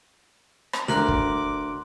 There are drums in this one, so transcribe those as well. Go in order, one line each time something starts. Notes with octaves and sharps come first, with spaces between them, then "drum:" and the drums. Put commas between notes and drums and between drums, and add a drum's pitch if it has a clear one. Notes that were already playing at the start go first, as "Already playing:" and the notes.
drum: rim click
D2 A#4 C6 D6 F#6 F#7, drum: snare
drum: kick